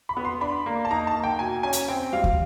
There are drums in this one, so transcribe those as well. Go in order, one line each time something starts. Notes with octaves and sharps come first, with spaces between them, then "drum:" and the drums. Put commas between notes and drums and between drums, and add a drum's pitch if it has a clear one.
B5
B3
C6
D4 B5
A#3
A5
D#4 A#5
A5
A#3
G5
B2 G#5
C#4 G#5
drum: hi-hat
C4 G5
G3 F5
drum: kick